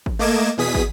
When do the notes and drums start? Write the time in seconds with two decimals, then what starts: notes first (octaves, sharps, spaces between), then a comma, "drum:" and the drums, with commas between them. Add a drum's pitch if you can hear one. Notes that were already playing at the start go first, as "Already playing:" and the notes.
0.06 drum: kick
0.19 A3 A#3 D#5 D6 G#6 E7
0.58 E2 B2 G#4 D#6 B6
0.75 drum: kick